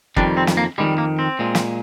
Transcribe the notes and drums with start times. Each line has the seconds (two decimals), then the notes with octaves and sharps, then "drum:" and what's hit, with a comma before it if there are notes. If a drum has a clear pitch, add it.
0.16 F2 D#3 G3 D4, drum: kick
0.37 C4
0.47 drum: snare
0.57 A#3
0.78 F2 D#3 G3 G#3
0.98 A#3
1.19 C4
1.39 A#2 G#3
1.55 drum: snare